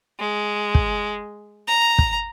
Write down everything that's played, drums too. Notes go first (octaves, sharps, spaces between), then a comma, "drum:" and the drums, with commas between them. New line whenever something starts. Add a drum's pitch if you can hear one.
G#3
drum: kick
A#5
drum: kick